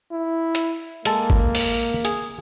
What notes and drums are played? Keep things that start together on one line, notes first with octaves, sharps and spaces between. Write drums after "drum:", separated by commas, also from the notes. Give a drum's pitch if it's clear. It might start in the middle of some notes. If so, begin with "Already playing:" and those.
E4
drum: hi-hat
G#3 A#3 A4 A5, drum: hi-hat
drum: kick G#1
drum: open hi-hat
G#4, drum: hi-hat